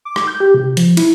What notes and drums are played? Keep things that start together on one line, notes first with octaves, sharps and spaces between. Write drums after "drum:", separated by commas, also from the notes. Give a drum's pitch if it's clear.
D6
drum: rim click
G6
G4
C3
F3, drum: hi-hat
E4, drum: cymbal